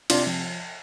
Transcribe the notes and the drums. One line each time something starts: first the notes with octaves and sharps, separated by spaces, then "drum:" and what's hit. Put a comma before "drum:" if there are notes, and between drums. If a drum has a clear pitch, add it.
C3 D4 F4, drum: cymbal
F3